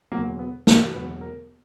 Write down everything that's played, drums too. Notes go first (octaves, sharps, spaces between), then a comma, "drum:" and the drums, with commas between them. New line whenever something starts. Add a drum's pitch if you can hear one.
E1 E2 D3 F#3 A#3
B3
A#4, drum: snare
E1 E2 D3 F#3 B4
A#4